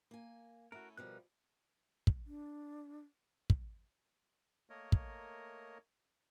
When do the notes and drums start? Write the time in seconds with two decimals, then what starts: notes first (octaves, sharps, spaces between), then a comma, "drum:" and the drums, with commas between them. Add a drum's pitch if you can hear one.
0.11 A#3 G#5
0.72 A3 C#4 E4 F#4 A#4
0.97 B2 F3 G3 A#4 F#6
2.07 drum: kick
2.27 D4
3.50 drum: kick
4.70 A3 A#3 A#4 C#5 D#5
4.92 drum: kick